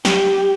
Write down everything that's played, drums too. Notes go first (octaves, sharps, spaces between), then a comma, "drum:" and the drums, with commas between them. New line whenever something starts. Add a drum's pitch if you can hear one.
G4, drum: snare